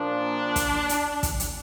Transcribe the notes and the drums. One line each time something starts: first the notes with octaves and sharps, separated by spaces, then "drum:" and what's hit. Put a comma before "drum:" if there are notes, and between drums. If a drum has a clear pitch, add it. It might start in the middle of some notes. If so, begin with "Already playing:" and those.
Already playing: A#2 F3 A#3 D4
drum: kick, hi-hat
drum: hi-hat
drum: kick, hi-hat
drum: hi-hat